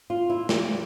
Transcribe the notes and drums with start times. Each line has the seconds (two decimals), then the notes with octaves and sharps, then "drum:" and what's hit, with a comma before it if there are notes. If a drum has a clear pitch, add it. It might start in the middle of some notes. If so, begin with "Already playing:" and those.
0.10 F4
0.30 E4
0.49 E2 E3 G4, drum: snare